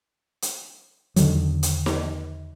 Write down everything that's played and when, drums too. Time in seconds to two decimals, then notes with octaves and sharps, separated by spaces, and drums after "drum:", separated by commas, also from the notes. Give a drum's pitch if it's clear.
0.42 drum: hi-hat
1.16 E2 D3 D#3 F#3, drum: hi-hat
1.63 drum: hi-hat
1.86 drum: snare